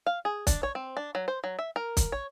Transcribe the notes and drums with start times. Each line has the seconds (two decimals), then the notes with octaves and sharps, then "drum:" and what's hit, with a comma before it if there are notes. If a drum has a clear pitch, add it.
0.06 F5
0.25 G#4
0.47 D4, drum: kick, hi-hat
0.63 C#5
0.75 C4
0.97 D4
1.15 F#3
1.28 C5
1.44 F#3
1.59 E5
1.76 A#4
1.97 drum: kick, hi-hat
2.12 C#5